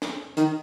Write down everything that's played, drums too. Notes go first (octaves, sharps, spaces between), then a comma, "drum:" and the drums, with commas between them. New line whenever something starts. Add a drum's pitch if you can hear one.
drum: snare
D#3, drum: hi-hat